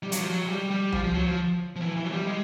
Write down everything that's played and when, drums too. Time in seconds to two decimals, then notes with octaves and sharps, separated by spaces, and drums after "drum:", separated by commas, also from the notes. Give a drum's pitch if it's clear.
0.03 G3
0.12 F#3, drum: hi-hat
0.21 F3
0.29 F#3
0.42 G#3
0.48 G3
0.71 G3
0.92 F3, drum: tom C#2
1.03 F3
1.14 F#3
1.26 F3
1.76 F3
1.82 E3
1.96 E3
2.05 F#3
2.11 G3
2.26 G#3